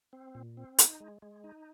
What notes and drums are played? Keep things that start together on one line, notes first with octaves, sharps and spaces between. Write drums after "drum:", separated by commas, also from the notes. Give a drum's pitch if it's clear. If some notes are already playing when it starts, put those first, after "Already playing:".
C4
A#2
C4
D#4, drum: hi-hat
G#3
G#3
D#4